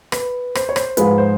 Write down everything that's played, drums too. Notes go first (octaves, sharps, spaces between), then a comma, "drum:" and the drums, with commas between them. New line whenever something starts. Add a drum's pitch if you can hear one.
B4, drum: rim click
C5, drum: rim click
C#5
C5, drum: rim click
G#2 F3 G#3 B4, drum: hi-hat
C5